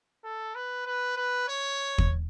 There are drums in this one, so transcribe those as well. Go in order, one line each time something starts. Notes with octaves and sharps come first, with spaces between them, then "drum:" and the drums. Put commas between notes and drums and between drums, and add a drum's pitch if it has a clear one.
A4
B4
B4
B4
C#5
drum: kick